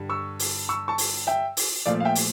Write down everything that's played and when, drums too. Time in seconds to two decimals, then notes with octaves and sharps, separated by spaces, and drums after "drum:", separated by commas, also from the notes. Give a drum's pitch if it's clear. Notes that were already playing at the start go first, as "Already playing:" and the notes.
Already playing: G2 D3 G3
0.10 C#6 E6
0.39 drum: open hi-hat
0.69 C#6 E6
0.88 A5 C#6
0.98 drum: open hi-hat
1.27 E5 G5
1.57 drum: open hi-hat
1.86 A#2 F3 A3 D5 F5
2.00 F5
2.05 E5 G5
2.15 drum: open hi-hat